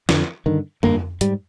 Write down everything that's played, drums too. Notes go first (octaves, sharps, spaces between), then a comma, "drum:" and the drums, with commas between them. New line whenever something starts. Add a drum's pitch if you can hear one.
F2 D3, drum: snare
G2 D3 D#3
G2 D3 A#3, drum: tom F2
G#2 G3, drum: hi-hat